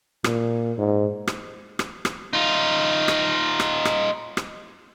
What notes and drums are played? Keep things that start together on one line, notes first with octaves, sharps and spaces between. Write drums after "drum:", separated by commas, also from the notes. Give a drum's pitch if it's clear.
A#2, drum: rim click
G#2
drum: rim click
drum: rim click
drum: rim click
D#4 F4
drum: rim click
drum: rim click
drum: rim click
drum: rim click